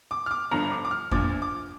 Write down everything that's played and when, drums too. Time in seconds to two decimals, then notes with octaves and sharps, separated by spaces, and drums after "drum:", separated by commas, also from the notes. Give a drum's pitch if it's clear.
0.11 D6
0.26 F6
0.31 D6
0.51 G1 G2 F3 A#5
0.71 D6
0.85 D6
0.91 F6
1.11 A#1 A#2 F3 D6, drum: kick F2
1.42 D6